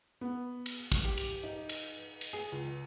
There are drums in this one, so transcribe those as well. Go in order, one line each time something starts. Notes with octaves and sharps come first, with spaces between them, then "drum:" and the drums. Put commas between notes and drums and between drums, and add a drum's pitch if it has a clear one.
B3
drum: cymbal
drum: kick
G4
drum: cymbal
D#4
drum: cymbal
drum: cymbal
G#4
C#2